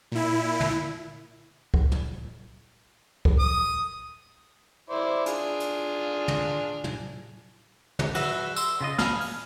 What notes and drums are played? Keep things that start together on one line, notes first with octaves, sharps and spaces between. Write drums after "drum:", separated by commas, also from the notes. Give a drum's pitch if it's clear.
A#2 E4
drum: tom
drum: kick
drum: tom
drum: kick
D#6
E4 C5 D5
D4 F4 G#4, drum: hi-hat
drum: hi-hat
drum: tom
drum: tom
drum: tom
F#3 F#4 B4 E5, drum: cymbal
C6 E6, drum: tambourine
C#3 F4 D#5
G#4 F5 B5 F6, drum: snare
F6, drum: open hi-hat